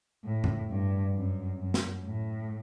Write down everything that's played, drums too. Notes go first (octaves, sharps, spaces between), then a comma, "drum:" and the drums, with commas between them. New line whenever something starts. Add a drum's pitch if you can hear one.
A2
drum: tom F2
G2
F#2
F#2
drum: snare
A2